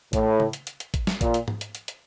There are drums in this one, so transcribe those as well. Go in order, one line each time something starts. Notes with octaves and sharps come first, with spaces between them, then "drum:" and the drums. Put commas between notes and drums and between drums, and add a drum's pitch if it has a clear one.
A2, drum: kick A1, hi-hat
drum: tom C#3
drum: hi-hat
drum: hi-hat
drum: hi-hat
drum: kick A1, hi-hat
drum: snare
A#2, drum: kick A1, hi-hat
drum: hi-hat
drum: tom G#2
drum: hi-hat
drum: hi-hat
drum: hi-hat